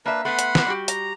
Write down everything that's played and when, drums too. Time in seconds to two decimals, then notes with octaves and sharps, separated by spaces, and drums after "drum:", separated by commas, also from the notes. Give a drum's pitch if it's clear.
0.06 A#3 D4 B4 E5
0.25 A3 B3 B4 F#5 B5 C6
0.39 drum: hi-hat
0.55 drum: snare
0.66 G3 F#4 G4
0.88 A#5, drum: hi-hat